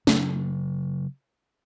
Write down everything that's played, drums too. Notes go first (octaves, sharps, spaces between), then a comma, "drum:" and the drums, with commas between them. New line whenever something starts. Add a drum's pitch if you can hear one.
C#3 F#3, drum: snare